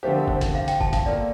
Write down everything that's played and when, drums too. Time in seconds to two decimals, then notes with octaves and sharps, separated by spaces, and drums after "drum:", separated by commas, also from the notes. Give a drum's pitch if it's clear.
0.03 D3 F3 A3 C4 G4 C5
0.14 A#4
0.28 C5, drum: kick
0.41 drum: kick, hi-hat
0.55 F5
0.68 G5, drum: hi-hat
0.81 A5, drum: kick
0.93 F5, drum: kick, hi-hat
1.06 A#3 F4 A4 D5